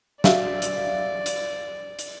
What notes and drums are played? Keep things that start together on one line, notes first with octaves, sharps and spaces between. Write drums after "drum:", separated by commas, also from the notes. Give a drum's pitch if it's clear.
F#4 D5 E5 F5, drum: snare
drum: hi-hat
drum: hi-hat
drum: hi-hat